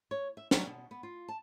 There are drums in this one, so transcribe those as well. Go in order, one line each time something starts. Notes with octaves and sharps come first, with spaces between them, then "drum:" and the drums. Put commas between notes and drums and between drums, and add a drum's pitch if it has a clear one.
C#5
E5
F#3, drum: snare
B2
B3
F4
A5